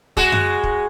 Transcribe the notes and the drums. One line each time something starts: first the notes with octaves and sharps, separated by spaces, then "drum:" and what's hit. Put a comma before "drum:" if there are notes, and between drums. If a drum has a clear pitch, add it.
G#3 F#4, drum: kick
drum: tom F#2
drum: kick